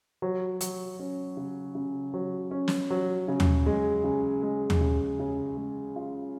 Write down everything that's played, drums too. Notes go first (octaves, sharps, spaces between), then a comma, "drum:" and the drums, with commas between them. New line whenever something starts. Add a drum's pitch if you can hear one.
F#3
F#3, drum: hi-hat
C#4
C#3
C#3
F#3
C#4
drum: snare
F#3
C#3
drum: tom D#2
G#3
C#3
G#3
drum: tom D#2
C#3
C#3
G#3
F4